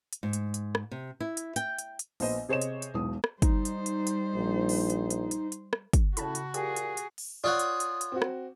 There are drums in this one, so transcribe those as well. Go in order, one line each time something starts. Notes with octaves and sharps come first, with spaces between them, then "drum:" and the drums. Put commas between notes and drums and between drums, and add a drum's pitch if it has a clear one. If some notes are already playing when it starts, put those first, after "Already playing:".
drum: hi-hat
G#2
drum: hi-hat
drum: hi-hat
drum: rim click
C3
E4
drum: hi-hat
G5, drum: hi-hat
drum: hi-hat
drum: hi-hat
A#1 B3 C5 D#5, drum: open hi-hat
C3 G#4 C5 C#5 D#5 E7
drum: hi-hat
drum: hi-hat
E1 B1 B2 E3 D#6
drum: rim click
G3 D#4 C5, drum: kick, hi-hat
drum: hi-hat
drum: hi-hat
drum: hi-hat
A#1
drum: open hi-hat
drum: hi-hat
drum: hi-hat
drum: hi-hat
drum: hi-hat
drum: rim click
drum: kick, hi-hat
A2 C#3 F#4 A5 B5, drum: hi-hat
drum: hi-hat
A#2 G4 G#4, drum: hi-hat
drum: hi-hat
drum: hi-hat
drum: open hi-hat
F4 C#5 D5 F#5 D#6
drum: hi-hat
drum: hi-hat
drum: hi-hat
C4 F#4
drum: rim click